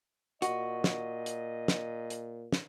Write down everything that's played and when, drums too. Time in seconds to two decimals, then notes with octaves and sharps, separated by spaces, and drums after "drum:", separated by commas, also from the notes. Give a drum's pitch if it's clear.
0.42 A#2 F#4 D#5, drum: hi-hat
0.84 drum: snare
1.26 drum: hi-hat
1.68 drum: snare
2.10 drum: hi-hat
2.53 drum: snare